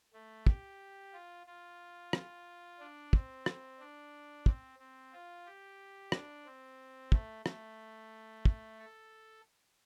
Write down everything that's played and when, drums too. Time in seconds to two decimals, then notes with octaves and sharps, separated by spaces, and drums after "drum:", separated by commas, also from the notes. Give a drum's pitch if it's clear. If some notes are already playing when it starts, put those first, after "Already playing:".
0.13 A3
0.47 G4, drum: kick
1.13 F4
1.46 F4
2.13 drum: rim click
2.80 D4
3.13 C4, drum: kick
3.46 drum: rim click
3.80 D4
4.46 C4, drum: kick
4.79 C4
5.13 F4
5.46 G4
6.12 D4, drum: rim click
6.46 C4
7.12 A3, drum: kick
7.46 A3, drum: rim click
8.45 drum: kick
8.79 A4